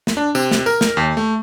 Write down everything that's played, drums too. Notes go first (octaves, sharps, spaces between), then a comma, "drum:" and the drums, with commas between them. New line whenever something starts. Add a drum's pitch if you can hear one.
drum: snare
D4
C3, drum: tambourine
drum: snare
A#4, drum: tambourine
drum: snare
D#2
A3